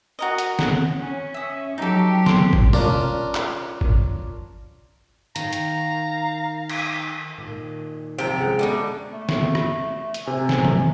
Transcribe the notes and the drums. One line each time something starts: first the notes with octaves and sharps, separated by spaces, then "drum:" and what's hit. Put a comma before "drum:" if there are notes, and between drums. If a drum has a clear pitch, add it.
F#4 A#4 D#5
drum: hi-hat
F#5, drum: snare
C#4
E5 D#6
F#3 D#4 G4 A4
C6, drum: snare
drum: kick
C#4 D4 F4 A#4 D5, drum: tom B2
drum: clap
drum: kick
D#3 F5 A#5, drum: hi-hat
drum: hi-hat
drum: cymbal
A#2 D#3
C3 F3 C5 G5 A#5
D3 G#3 C#4 G#4 F#5
B2 A3 D4 D#4
A3
drum: snare
drum: rim click
drum: hi-hat
C3 G#5
drum: snare
drum: tom